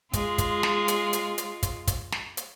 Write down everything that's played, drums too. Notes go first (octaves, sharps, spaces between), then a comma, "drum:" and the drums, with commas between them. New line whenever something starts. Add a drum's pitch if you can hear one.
G#3 F4, drum: kick, hi-hat
drum: kick, hi-hat
drum: snare
drum: hi-hat
drum: hi-hat
drum: hi-hat
drum: kick, hi-hat
drum: kick, hi-hat
drum: snare
drum: hi-hat